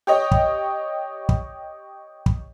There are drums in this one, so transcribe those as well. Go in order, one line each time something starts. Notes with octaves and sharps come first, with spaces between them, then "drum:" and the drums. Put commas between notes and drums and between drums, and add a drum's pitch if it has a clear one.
G4 C#5 D#5
drum: kick
drum: kick
drum: kick